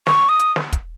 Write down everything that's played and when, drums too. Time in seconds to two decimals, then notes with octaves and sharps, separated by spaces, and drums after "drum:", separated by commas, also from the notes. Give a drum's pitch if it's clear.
0.07 C#6, drum: snare
0.29 D#6
0.39 drum: hi-hat
0.56 drum: snare
0.72 drum: kick, hi-hat